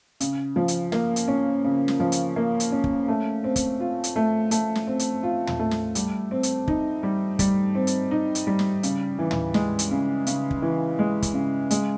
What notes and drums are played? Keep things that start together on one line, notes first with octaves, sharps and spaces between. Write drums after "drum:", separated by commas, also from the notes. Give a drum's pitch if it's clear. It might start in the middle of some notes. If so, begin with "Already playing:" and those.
C#3, drum: hi-hat
F3
drum: hi-hat
A#3, drum: snare
drum: hi-hat
C#4
C#3
drum: snare
F3
drum: hi-hat
A#3
drum: hi-hat
C#4
drum: kick
A3
C4
drum: kick, hi-hat
F4
drum: hi-hat
A3
A3, drum: hi-hat
drum: snare
C4
drum: hi-hat
F4
drum: tom
A3
drum: snare
G3, drum: hi-hat
C4
drum: hi-hat
D#4, drum: kick
G3
G3, drum: kick, hi-hat
C4
drum: hi-hat
D#4
drum: hi-hat
G3
drum: snare
C#3, drum: hi-hat
E3
drum: tom
G#3, drum: snare
drum: hi-hat
C#3
C#3, drum: hi-hat
drum: kick
E3
G#3
drum: kick, hi-hat
C#3
G#3, drum: hi-hat